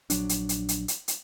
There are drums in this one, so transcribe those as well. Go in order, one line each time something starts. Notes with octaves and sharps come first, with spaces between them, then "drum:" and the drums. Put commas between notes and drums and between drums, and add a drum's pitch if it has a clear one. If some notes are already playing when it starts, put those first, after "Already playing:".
A#1 F#3 D4, drum: hi-hat
drum: hi-hat
drum: hi-hat
drum: hi-hat
drum: hi-hat
drum: hi-hat